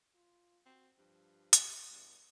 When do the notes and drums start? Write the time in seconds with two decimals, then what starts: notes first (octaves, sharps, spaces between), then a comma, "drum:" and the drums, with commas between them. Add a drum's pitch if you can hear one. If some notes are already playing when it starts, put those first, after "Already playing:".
0.15 F4
0.66 C4 F#4
0.98 G2 F3
1.53 G3, drum: hi-hat
1.91 E2 G2